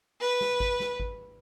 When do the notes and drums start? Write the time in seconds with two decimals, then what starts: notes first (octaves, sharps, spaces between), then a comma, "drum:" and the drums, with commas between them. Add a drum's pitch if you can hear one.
0.21 B4
0.41 drum: snare
0.60 drum: kick
0.80 drum: snare
1.00 drum: kick